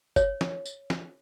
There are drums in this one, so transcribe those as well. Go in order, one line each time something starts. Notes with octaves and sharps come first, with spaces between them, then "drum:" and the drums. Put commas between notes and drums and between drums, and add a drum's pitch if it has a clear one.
C#5, drum: kick G1, tambourine
drum: snare
drum: tambourine
drum: snare